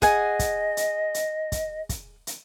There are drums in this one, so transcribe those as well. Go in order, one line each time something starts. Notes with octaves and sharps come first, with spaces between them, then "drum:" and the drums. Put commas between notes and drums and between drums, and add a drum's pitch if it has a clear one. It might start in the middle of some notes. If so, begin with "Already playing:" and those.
G#4 D#5 F#5 G#5, drum: kick, hi-hat
drum: kick, hi-hat
drum: hi-hat
drum: hi-hat
drum: kick, hi-hat
drum: kick, hi-hat
drum: hi-hat